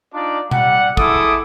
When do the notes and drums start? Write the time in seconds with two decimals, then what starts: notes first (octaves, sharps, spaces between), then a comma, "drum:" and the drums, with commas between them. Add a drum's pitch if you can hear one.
0.14 D4 D#4 F4 D5
0.51 G3 F#5, drum: tom B2
0.97 G#3 E4 A4 D6 D#6, drum: kick